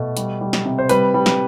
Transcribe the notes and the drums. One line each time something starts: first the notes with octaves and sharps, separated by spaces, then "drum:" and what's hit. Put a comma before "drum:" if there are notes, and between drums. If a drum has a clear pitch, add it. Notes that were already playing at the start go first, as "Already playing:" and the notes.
Already playing: B2 A3
G3, drum: hi-hat
G3
drum: snare
C3
C5
G3 B4, drum: hi-hat
G3
drum: snare